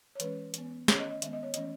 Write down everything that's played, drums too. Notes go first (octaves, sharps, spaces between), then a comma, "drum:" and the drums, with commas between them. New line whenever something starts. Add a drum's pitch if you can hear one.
C#5
E3 G#3 C#4 B4, drum: hi-hat
E3 B3, drum: hi-hat
D#3 A3 C#4 C#5, drum: snare
D#5
D#5
D#3 G#3 B3 E5, drum: hi-hat
D#5
C#5
E3 A3 C#4 D#5, drum: hi-hat